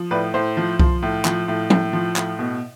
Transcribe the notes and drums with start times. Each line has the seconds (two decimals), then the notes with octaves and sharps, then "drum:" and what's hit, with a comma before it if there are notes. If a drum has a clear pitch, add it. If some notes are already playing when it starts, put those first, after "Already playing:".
Already playing: F3
0.11 A2 B4 D5
0.34 A2 C5
0.57 F3
0.79 F3, drum: kick C2
1.03 A2
1.25 F3, drum: clap
1.48 A2
1.70 A2, drum: tom F3
1.93 F3
2.16 A2, drum: clap
2.39 B2